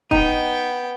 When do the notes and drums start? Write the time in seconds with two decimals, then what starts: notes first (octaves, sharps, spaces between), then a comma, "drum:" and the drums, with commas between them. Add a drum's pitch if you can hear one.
0.11 B3 D#4 G5, drum: kick